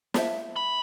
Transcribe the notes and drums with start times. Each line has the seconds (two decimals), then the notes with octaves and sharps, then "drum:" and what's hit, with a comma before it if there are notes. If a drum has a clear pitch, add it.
0.14 E5 A5, drum: snare
0.56 B5